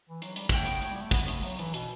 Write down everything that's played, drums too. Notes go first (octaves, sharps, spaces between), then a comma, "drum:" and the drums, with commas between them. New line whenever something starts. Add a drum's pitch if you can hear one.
E3
F#3, drum: hi-hat
G3, drum: hi-hat
A3 F#4 C#5 G5, drum: kick, hi-hat
B3, drum: hi-hat
A3, drum: hi-hat
G3
A3
B3, drum: kick
A3, drum: hi-hat
F#3, drum: open hi-hat
E3, drum: hi-hat
B2, drum: hi-hat